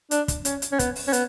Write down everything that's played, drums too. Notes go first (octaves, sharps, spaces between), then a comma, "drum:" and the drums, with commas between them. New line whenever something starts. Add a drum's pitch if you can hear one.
D4, drum: hi-hat
drum: kick, hi-hat
C#4, drum: hi-hat
drum: hi-hat
C#4
B3, drum: kick, hi-hat
drum: open hi-hat
C#4
B3, drum: hi-hat